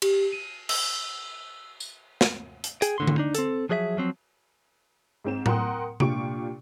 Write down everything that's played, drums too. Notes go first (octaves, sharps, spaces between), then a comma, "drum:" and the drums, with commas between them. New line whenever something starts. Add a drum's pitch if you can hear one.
G4, drum: cymbal
D#7
E6, drum: cymbal
drum: tambourine
drum: snare
drum: hi-hat
G#4 G5, drum: hi-hat
A2 D3 C6
drum: tom D3
D4 D#4
C4 A4, drum: hi-hat
F3 F#3 G#4 D#5 E5
F3 F#3 C4
G#2 C4 E7
A#4 F#5 G5 C6 D#6, drum: tom A2
A#2 D4 F4 G4 C#6 D7, drum: tom C3